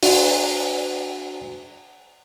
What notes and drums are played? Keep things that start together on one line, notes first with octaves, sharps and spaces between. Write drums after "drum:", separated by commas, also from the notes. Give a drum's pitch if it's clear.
D4 F#4, drum: open hi-hat